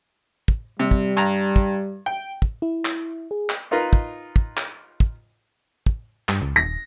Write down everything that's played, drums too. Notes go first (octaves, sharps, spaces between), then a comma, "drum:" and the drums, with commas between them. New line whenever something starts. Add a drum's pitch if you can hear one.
drum: kick
C3 G3
drum: kick
G2 A#5
drum: kick
G5
drum: kick
E4
drum: clap
G#4
drum: clap
D#4 F4 A#4 B4 D#5 F5
drum: kick
drum: kick
drum: clap
drum: kick
drum: kick
G2, drum: clap
C#2
D#1 A#6